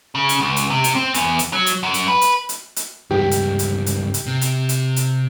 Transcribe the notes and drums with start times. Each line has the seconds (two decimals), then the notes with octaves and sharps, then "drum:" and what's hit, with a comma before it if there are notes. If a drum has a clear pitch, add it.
0.15 C#3
0.29 drum: hi-hat
0.41 C#2
0.56 drum: hi-hat
0.70 C3
0.84 drum: hi-hat
0.95 C4
1.14 E2, drum: hi-hat
1.39 drum: hi-hat
1.53 F#3
1.66 drum: hi-hat
1.83 F#2
1.94 drum: hi-hat
2.08 B4
2.21 drum: hi-hat
2.49 drum: hi-hat
2.76 drum: hi-hat
3.11 C#2 G2 G4
3.31 drum: hi-hat
3.59 drum: hi-hat
3.86 drum: hi-hat
4.14 drum: hi-hat
4.27 C3
4.41 drum: hi-hat
4.69 drum: hi-hat
4.96 drum: hi-hat